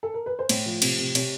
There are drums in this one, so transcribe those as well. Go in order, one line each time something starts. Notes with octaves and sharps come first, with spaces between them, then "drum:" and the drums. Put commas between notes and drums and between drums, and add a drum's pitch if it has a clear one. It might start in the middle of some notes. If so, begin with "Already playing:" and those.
A4
A#4
B4
C5
A2 C#5, drum: cymbal
F3
C3, drum: cymbal
C3
C3 C#5, drum: cymbal